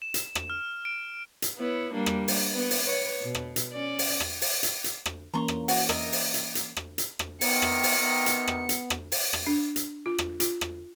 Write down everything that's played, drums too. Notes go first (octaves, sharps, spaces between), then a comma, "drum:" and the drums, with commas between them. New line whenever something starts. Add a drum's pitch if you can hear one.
E7
drum: hi-hat
drum: rim click
F6
D7
drum: hi-hat
B3 E4 C#5
G3 A#3 D4
drum: rim click
drum: open hi-hat
B3
drum: open hi-hat
B4 C#5
B2
drum: rim click
drum: hi-hat
C#4 D5
drum: open hi-hat
drum: rim click
drum: open hi-hat
drum: hi-hat
drum: hi-hat
drum: rim click
E3 A#3 C#4 A#5 C6 C#6
drum: rim click
F#4, drum: open hi-hat
A#4 D#5 E5, drum: rim click
drum: open hi-hat
drum: hi-hat
drum: hi-hat
drum: rim click
drum: hi-hat
drum: rim click
C3 D#3 B3 C#7, drum: open hi-hat
drum: rim click
drum: open hi-hat
B3
drum: hi-hat
drum: rim click
drum: hi-hat
drum: rim click
drum: open hi-hat
drum: rim click
D4
drum: hi-hat
F4
drum: rim click
F4, drum: hi-hat
drum: rim click